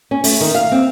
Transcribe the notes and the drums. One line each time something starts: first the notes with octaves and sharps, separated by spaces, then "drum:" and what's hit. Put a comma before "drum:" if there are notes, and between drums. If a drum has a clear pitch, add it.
C#4
A3, drum: open hi-hat
D#3
F5
C4